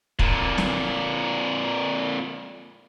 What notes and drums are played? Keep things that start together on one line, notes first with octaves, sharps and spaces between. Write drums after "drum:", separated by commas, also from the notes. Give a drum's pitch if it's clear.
F2 A#2, drum: kick
drum: snare